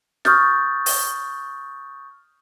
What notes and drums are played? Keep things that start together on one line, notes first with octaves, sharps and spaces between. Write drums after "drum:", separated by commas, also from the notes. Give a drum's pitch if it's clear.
C#6 D#6 F6 G6 A6, drum: snare
drum: open hi-hat